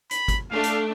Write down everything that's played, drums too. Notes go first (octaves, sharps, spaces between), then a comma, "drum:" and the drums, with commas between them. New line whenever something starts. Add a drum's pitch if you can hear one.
B5, drum: hi-hat
drum: kick, hi-hat
A3 D4 F5
drum: hi-hat